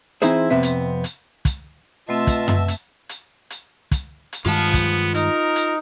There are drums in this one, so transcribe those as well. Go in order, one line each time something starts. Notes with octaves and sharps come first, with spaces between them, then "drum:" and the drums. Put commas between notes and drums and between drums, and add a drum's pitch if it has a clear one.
E3 C4 D#4 E4 G#4 C5, drum: hi-hat
F2 C3 B3 C4 E5
drum: hi-hat
drum: hi-hat
drum: kick, hi-hat
B2 A3 C4 F4 D#5 E5 A5 E6
drum: kick, hi-hat
drum: tom F#2
drum: hi-hat
drum: hi-hat
drum: hi-hat
drum: kick, hi-hat
drum: hi-hat
G2 D#3 G#3 B3 F4 A5
drum: kick, hi-hat
D#4 A#4, drum: hi-hat
drum: hi-hat